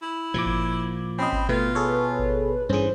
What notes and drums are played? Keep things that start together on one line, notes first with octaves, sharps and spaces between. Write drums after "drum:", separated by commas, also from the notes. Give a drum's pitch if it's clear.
E4
A#2 F3 D6 G#6
drum: kick G#1
C4 C#4 D#5 B5
drum: kick G#1
B2 A3 F4 B4
G#4 A4 C#5
drum: kick G#1
G2 E3 C#4 G#4 C5